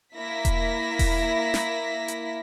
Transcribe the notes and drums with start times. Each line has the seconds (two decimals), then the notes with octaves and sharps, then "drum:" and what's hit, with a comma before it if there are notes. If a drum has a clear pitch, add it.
0.18 A#3 E4 A#6 B6
0.45 drum: kick E1, hi-hat
0.99 drum: kick E1, open hi-hat
1.54 drum: snare
2.08 drum: hi-hat